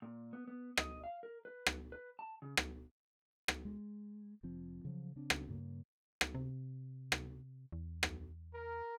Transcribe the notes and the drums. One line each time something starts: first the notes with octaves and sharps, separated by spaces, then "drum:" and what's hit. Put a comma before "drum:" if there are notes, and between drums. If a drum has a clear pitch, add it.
A#2
B3
B3
D#5, drum: rim click
F5
A#4
B4
drum: rim click
B4
A5
C#3
drum: rim click
drum: rim click
G#3
F1 F3 C4
C#3 F3 F#3
C#3 C4 D4
drum: rim click
G2 C#3 A#3
drum: rim click
C3
drum: rim click
E2
drum: rim click
A#4